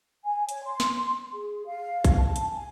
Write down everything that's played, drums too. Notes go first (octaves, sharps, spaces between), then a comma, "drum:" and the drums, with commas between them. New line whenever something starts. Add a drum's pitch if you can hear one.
G#5
C#5, drum: hi-hat
C6
drum: snare
G#4
F5
drum: kick, hi-hat
A5
drum: hi-hat
G#5